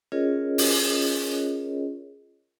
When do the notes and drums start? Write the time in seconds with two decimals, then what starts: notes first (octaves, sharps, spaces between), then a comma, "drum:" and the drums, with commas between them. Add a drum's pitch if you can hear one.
0.12 C#4 F4 G#4 A#4 C#5 D#5
0.58 drum: open hi-hat